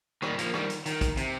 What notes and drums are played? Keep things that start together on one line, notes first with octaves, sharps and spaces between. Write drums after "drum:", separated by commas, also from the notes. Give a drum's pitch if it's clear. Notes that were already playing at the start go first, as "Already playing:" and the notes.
D#3 G3, drum: rim click
F3 A#3, drum: hi-hat
D#3 G3, drum: rim click
drum: hi-hat
D#3, drum: hi-hat
drum: kick, hi-hat
C3, drum: hi-hat